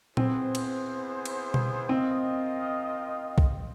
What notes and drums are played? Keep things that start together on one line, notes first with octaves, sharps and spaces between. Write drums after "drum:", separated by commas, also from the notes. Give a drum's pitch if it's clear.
B3 C4 E4 G#4 C5, drum: tom A#2
drum: cymbal
drum: cymbal
drum: tom B2
C4 F4 A#4 D#5 G5
drum: kick